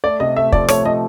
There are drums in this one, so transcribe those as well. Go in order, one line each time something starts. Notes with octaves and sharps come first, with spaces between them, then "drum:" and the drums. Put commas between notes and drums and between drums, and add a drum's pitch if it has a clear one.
A3 D5
C3 D#5
A3 E5
F3 D5, drum: kick
A3 C#5, drum: rim click
F3 D#5